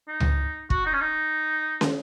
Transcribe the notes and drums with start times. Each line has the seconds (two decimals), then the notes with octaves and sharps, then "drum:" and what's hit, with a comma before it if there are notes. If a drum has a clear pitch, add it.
0.08 D#4
0.20 drum: tom C#2
0.70 F#4, drum: kick
0.86 D#4
0.93 C#4
1.01 D#4
1.81 drum: snare